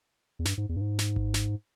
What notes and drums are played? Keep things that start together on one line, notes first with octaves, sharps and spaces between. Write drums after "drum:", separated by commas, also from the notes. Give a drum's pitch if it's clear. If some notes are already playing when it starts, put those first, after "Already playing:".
E2
G2, drum: snare
G#2
E2
G2
G#2
drum: snare
drum: kick G#1
drum: snare